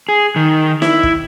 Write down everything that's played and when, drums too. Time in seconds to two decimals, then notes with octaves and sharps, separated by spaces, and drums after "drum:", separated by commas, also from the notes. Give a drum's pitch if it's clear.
0.09 G#4
0.36 D#3
0.82 E4, drum: snare
1.03 drum: kick